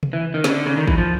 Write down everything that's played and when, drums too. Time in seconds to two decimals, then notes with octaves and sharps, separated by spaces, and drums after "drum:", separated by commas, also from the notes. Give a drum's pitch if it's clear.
0.03 drum: tom C3
0.13 E3
0.34 D#3
0.44 C#3, drum: snare
0.50 D3
0.66 C#3
0.77 D#3
0.88 E3, drum: kick
0.98 F3